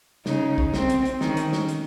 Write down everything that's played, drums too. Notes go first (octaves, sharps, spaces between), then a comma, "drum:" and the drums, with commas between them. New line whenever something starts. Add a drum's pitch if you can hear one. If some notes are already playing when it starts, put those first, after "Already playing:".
C#3 D#4, drum: snare
drum: kick
C4, drum: snare
drum: hi-hat
drum: hi-hat
D#3 C#4, drum: snare
drum: hi-hat
drum: snare
drum: hi-hat